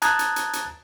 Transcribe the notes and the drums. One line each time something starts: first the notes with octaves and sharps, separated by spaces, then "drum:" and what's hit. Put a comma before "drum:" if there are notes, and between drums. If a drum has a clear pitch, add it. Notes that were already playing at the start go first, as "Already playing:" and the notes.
A5 A#5 D#6 F#6 G#6 A6, drum: hi-hat
drum: hi-hat
drum: hi-hat
drum: hi-hat